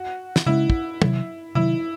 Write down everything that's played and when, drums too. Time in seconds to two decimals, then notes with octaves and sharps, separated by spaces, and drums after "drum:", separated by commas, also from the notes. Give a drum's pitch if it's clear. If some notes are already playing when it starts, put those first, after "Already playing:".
Already playing: F#4
0.36 drum: snare
0.46 C#3 G#3 C#4 E4
0.70 drum: kick
1.02 C3 D#3 F#3, drum: tom
1.55 C3 D#3 F#3 E4